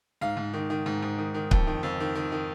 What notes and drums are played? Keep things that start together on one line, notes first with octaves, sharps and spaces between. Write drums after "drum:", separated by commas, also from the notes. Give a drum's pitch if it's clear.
G#2 F5
G#2
D#3
D#3
G#2
G#2
D#3
D#3
F2, drum: kick C#1
D#3
F2
D#3
D#3
D#3